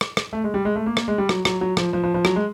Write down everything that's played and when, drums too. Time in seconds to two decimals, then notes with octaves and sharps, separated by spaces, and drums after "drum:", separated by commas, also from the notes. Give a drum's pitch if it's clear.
0.01 drum: rim click
0.17 drum: rim click
0.33 A3
0.44 G#3
0.54 G3
0.65 G#3
0.76 A3
0.86 A#3
0.97 A#3, drum: rim click
1.08 G#3
1.18 G3
1.29 F#3, drum: rim click
1.45 F#3, drum: rim click
1.61 F#3
1.77 F3, drum: rim click
1.93 F3
2.04 F3
2.14 F3
2.25 F#3, drum: rim click
2.36 G#3